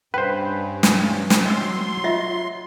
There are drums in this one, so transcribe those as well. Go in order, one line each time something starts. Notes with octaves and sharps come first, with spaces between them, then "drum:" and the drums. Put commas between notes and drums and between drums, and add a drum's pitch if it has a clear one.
G2 C#4 B4 C5 G5
drum: snare
drum: snare
F#3 D#5 C6 D6 E6
F4 D#5 E5